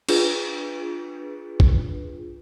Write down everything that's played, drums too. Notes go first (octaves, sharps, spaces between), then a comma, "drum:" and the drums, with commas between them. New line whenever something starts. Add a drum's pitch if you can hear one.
D4 F4 G#4 B4, drum: cymbal
drum: kick